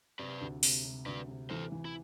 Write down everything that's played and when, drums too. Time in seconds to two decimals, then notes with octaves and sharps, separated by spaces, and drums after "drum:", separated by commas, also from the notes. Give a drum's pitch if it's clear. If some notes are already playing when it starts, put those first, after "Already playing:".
0.19 C3 B4 D5
0.41 D2
0.63 C3, drum: open hi-hat
0.84 C3
1.06 D2 B4 D5
1.28 C3
1.50 E3 A4 C5
1.72 E3
1.85 E4